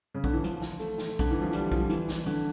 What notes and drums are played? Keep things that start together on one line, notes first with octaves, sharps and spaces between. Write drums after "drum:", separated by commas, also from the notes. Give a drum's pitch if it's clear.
C#3
D3, drum: kick
E3
F3, drum: hi-hat
drum: snare
A3, drum: hi-hat
drum: snare
D3, drum: kick, hi-hat
E3
F3
G3, drum: hi-hat
F3, drum: kick
E3, drum: hi-hat
drum: snare
D3, drum: hi-hat